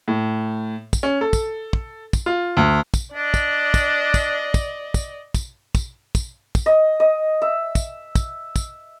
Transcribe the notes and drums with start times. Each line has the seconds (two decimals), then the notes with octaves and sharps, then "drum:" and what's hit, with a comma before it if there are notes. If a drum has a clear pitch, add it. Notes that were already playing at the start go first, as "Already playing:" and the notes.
0.08 A2
0.93 drum: kick, tambourine
1.03 C#4
1.21 A4
1.33 drum: kick, tambourine
1.73 drum: kick
2.13 drum: kick, tambourine
2.26 F4
2.57 D2
2.94 drum: kick, tambourine
3.14 D4 D5 D#5
3.34 drum: kick, tambourine
3.74 drum: kick, tambourine
4.14 drum: kick, tambourine
4.54 drum: kick, tambourine
4.94 drum: kick, tambourine
5.34 drum: kick, tambourine
5.75 drum: kick, tambourine
6.15 drum: kick, tambourine
6.55 drum: kick, tambourine
6.66 D#5
7.00 D#5
7.42 E5
7.75 drum: kick, tambourine
8.15 drum: kick, tambourine
8.56 drum: kick, tambourine